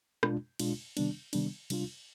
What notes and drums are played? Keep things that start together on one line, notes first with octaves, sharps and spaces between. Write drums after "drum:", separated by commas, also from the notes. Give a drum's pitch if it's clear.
B2 G#3 D4 F4, drum: rim click
B2 G#3 D4 F4, drum: cymbal
C3 D#3 G3 B3 D4, drum: cymbal
C3 D#3 G3 B3 D4, drum: cymbal
C3 G3 D4 F4, drum: cymbal